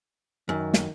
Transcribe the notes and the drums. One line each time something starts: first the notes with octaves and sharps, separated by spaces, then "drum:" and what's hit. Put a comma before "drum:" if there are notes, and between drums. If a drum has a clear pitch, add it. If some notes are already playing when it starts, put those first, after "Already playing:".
F#2 D#3
drum: snare